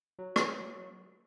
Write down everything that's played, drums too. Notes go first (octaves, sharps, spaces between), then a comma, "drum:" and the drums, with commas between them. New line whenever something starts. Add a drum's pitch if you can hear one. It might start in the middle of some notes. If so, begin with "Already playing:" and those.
F#3
drum: rim click